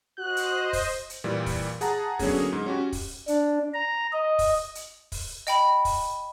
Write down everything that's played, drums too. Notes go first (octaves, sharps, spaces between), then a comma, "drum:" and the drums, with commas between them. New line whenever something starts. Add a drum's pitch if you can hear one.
F#4 C5 D#5 F#6
drum: hi-hat
drum: kick, open hi-hat
drum: hi-hat
A#2 E3 G3
drum: kick, open hi-hat
G#4 F#5 A5 A#5, drum: hi-hat
D3 F#3 A#3 B3 C#4 G#4, drum: kick, open hi-hat
G#2
C#4 F#4 G4
drum: kick, open hi-hat
D4, drum: hi-hat
A#5
D#5
drum: kick, open hi-hat
drum: hi-hat
drum: kick, open hi-hat
D#5 G5 B5, drum: hi-hat
drum: kick, open hi-hat